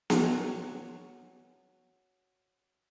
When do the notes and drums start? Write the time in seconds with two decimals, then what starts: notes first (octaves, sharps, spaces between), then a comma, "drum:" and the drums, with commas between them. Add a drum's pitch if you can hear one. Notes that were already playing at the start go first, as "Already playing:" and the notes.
0.10 C#4 F#4, drum: snare